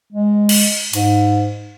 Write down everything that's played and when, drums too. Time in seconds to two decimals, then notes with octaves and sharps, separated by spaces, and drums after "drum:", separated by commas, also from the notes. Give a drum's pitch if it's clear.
0.13 G#3
0.49 drum: cymbal
0.93 G#2, drum: hi-hat